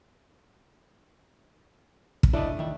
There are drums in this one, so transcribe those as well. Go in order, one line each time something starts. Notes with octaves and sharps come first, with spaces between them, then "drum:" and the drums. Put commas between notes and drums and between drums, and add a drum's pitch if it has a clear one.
drum: kick
A3 D4 E4 D5 D#5
D#3 E5